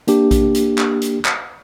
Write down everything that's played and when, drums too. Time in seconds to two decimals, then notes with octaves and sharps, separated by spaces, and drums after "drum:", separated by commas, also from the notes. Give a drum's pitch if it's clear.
0.07 A#3 D4 G4, drum: hi-hat
0.31 drum: kick A#1, hi-hat
0.54 drum: hi-hat
0.78 drum: clap
1.02 drum: hi-hat
1.25 drum: clap